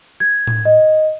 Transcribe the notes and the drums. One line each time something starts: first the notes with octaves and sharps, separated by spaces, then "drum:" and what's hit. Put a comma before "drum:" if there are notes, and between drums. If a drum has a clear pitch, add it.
G#6
drum: tom A2
D#5